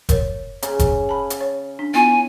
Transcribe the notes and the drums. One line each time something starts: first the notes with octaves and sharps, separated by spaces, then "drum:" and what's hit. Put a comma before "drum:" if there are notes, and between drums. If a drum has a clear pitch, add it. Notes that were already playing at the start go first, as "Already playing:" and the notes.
A#4 C#5, drum: kick F#1, hi-hat
C#3 A#5, drum: hi-hat
drum: kick F#1, hi-hat
A5 B5
drum: hi-hat
C#5
D4
B3 E4 F4 G#5